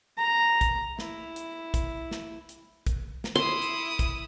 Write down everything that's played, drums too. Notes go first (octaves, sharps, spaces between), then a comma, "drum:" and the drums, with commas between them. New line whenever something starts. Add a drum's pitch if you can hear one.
A#5
drum: kick, hi-hat
E4, drum: snare
drum: hi-hat
drum: kick, hi-hat
drum: snare
drum: hi-hat
drum: kick, hi-hat
drum: snare
E4 C6 D#6
drum: hi-hat
drum: kick, hi-hat